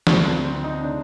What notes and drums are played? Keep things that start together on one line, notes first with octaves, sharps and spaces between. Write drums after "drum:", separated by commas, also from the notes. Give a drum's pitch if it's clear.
D2 D3 F3 A3 D4, drum: snare
C4
C4
D#4
C#3 D4